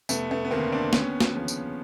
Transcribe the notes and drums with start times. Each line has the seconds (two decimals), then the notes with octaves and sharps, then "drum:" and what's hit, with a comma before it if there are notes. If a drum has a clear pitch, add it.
0.09 F1 A3 B3, drum: tambourine
0.31 A3 B3
0.45 B3
0.51 D#2 D3 A#3 C4
0.72 C4 D4
0.93 D#2 B3 C#4, drum: snare
1.21 drum: snare
1.35 C#3 F3
1.48 drum: tambourine